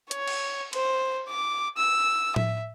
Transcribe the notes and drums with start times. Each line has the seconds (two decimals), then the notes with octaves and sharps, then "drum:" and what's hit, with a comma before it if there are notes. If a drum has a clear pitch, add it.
0.11 C#5, drum: hi-hat
0.27 drum: cymbal
0.73 C5, drum: cymbal
1.29 D6
1.78 E6
2.36 E5, drum: tom A2